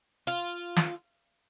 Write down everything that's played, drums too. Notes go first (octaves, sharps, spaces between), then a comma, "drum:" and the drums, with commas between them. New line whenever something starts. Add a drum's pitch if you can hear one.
F4
drum: snare